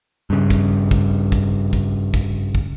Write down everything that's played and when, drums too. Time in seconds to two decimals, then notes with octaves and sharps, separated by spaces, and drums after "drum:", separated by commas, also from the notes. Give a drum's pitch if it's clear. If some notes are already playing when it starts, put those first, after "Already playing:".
0.30 G2 C#3
0.50 drum: kick, hi-hat
0.91 drum: kick, hi-hat
1.32 drum: kick, hi-hat
1.73 drum: kick, hi-hat
2.14 drum: kick, hi-hat
2.55 drum: kick